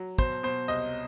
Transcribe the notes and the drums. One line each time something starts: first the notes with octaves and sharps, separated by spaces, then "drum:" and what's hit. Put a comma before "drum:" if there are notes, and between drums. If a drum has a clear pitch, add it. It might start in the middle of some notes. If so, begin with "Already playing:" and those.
Already playing: F#3
B2 C5, drum: kick
B2 C5
C2 D#5